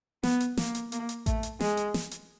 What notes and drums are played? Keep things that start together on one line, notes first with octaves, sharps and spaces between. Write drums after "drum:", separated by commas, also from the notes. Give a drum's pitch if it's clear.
B3, drum: snare
drum: hi-hat
A#3, drum: snare
drum: hi-hat
A#3, drum: hi-hat
drum: hi-hat
A3, drum: kick A1, hi-hat
drum: hi-hat
G#3, drum: snare
drum: hi-hat
drum: snare
drum: hi-hat